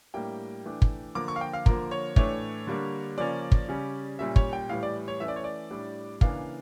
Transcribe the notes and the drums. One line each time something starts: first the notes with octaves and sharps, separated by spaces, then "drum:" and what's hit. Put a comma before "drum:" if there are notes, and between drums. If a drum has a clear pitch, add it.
A2 G3 A#3 D4 G5
E3 A3 D4
drum: kick
D3 F3 A#3 D6
C#6
F5
G5
F5
D3 F3 A#3 A#4, drum: kick
C#5
A2 E3 A3 D4 C#5, drum: kick
D3 G3 A#3 D4
C#3 F3 A#3 C#4 D5
drum: kick
C#3 G3 C#4
A#2 G3 C#4 E5
C#5, drum: kick
G5
A2 E3 G3 F5
D5
C#5
E3 A3 C#4 E5
D5
C#5
D5
A2 G3 D4
C#3 E3 A#3 D4 F5, drum: kick